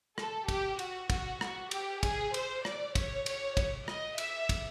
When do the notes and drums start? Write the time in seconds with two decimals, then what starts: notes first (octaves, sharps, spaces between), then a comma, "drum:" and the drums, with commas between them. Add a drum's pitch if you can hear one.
0.18 A4, drum: rim click
0.48 G4, drum: kick, cymbal
0.79 F#4, drum: cymbal
1.10 F#4, drum: kick, cymbal
1.41 F#4, drum: rim click
1.71 G4, drum: cymbal
2.03 G#4, drum: kick, cymbal
2.34 C5, drum: cymbal
2.65 D5, drum: rim click
2.95 C#5, drum: kick, cymbal
3.26 C#5, drum: cymbal
3.57 drum: kick, cymbal
3.88 D#5, drum: rim click
4.18 E5, drum: cymbal
4.49 drum: kick, cymbal